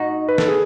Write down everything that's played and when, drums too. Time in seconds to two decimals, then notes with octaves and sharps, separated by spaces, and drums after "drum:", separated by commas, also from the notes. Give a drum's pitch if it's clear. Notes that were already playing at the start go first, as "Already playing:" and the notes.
Already playing: D#4 F#4
0.29 B4
0.38 A4, drum: snare
0.48 G#4